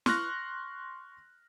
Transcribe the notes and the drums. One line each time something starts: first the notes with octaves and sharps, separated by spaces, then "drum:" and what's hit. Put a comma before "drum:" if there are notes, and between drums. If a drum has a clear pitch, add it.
C6 C#6 F6 F#6 A#6, drum: snare